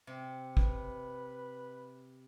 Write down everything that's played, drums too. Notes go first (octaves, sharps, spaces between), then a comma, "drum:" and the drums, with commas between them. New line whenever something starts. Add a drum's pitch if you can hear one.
C3
B4, drum: kick